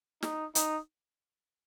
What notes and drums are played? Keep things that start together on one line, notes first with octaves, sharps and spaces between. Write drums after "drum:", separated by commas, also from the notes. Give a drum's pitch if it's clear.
D#4, drum: snare
D#4, drum: hi-hat